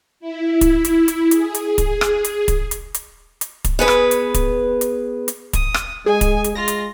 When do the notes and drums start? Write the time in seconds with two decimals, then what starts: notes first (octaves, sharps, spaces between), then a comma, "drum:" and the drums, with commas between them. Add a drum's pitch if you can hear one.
0.20 E4
0.61 drum: kick, hi-hat
0.85 drum: hi-hat
1.08 drum: hi-hat
1.31 G#4, drum: hi-hat
1.55 drum: hi-hat
1.78 drum: kick, hi-hat
2.01 drum: rim click
2.25 drum: hi-hat
2.48 drum: kick, hi-hat
2.71 drum: hi-hat
2.95 drum: hi-hat
3.41 drum: hi-hat
3.64 drum: kick, hi-hat
3.79 B3 G#4 B4
3.88 drum: rim click
4.11 drum: hi-hat
4.34 drum: kick, hi-hat
4.81 drum: hi-hat
5.28 drum: hi-hat
5.53 D#6, drum: kick, hi-hat
5.74 drum: rim click
6.06 G#3 G#4 G#5
6.21 drum: kick, hi-hat
6.44 drum: hi-hat
6.55 G#3 F4 A#6
6.68 drum: hi-hat